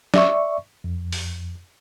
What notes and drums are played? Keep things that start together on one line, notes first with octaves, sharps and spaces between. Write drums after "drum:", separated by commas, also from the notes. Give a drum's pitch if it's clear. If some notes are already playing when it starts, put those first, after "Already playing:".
D5 E5 C#6, drum: snare
F2
drum: open hi-hat